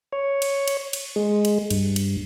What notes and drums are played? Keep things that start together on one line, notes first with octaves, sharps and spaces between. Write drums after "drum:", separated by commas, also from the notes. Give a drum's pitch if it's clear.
C#5
drum: cymbal
drum: cymbal
drum: cymbal
G#3
drum: cymbal
G2, drum: cymbal
drum: cymbal